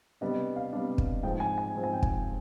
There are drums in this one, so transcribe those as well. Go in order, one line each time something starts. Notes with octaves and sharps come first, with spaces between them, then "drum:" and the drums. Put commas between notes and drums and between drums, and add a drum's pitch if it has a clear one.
C3 G3 B3 D4 D#5
F5
C3 G3 B3 D4
drum: kick
G#2 F3 C4 G5
G#5
G#5
G#2 F3 C4
G#5
G5
G#5, drum: kick